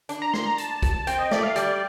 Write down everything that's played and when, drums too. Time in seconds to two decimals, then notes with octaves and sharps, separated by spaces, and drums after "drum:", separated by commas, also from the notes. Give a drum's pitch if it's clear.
0.09 D4, drum: hi-hat
0.22 A#5
0.34 C6, drum: snare
0.46 A#5
0.58 A5, drum: hi-hat
0.83 drum: kick, hi-hat
1.07 C4 G5, drum: hi-hat
1.19 D#5
1.31 A3 D5, drum: snare
1.43 F5
1.56 G3 D5, drum: hi-hat